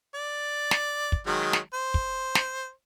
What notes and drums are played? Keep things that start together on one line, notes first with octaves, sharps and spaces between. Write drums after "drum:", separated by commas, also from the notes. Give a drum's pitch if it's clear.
D5
drum: snare
drum: kick
D#3 F#3 G#3
drum: snare
C5
drum: kick
drum: snare